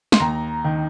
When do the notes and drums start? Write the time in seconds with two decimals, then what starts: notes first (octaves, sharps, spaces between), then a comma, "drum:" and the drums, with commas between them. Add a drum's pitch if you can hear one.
0.12 C6, drum: snare
0.20 D#2 A#5
0.64 D#3